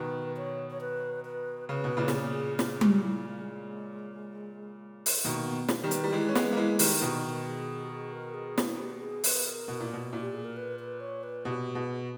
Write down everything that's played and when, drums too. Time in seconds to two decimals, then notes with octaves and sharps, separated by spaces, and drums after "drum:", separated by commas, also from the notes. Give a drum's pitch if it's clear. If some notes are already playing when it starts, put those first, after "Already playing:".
Already playing: B2 D#3 B4
0.37 C#5
0.70 C#5
0.81 B4
1.25 B4
1.69 C#3 B4
1.84 B2
1.97 A#2 C#3
2.08 A#4, drum: snare
2.14 G#4
2.59 G#4, drum: snare
2.81 G4, drum: tom G3
3.03 E4
3.25 G#3
3.33 A#3
3.41 G#3
5.06 drum: open hi-hat
5.25 B2 D#3 A#3
5.46 B3
5.68 drum: snare
5.84 D#3 G3
5.91 B4, drum: hi-hat
6.04 G3
6.12 E3 G#3 B4
6.28 C#4
6.35 G#3 B3, drum: snare
6.52 A#3
6.57 E3 G#3 B4
6.79 D#3 G3, drum: open hi-hat
7.01 B2 D#3 A#4
7.47 G#4
7.85 G4
7.91 G#4
8.13 A#4
8.34 G#4
8.58 E4, drum: snare
8.79 G4
9.01 G#4
9.24 B4, drum: open hi-hat
9.45 A#4
9.68 B2
9.81 A#2
9.93 B2
10.13 A#2
10.21 G4
10.33 G#4
10.45 A#4
10.56 B4
10.79 B4
11.00 C#5
11.23 B4
11.45 B2 G4
11.74 B2 G#4